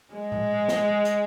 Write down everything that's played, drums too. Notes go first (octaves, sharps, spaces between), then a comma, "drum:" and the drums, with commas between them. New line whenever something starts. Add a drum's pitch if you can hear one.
G#3
drum: tom A2
drum: snare
drum: hi-hat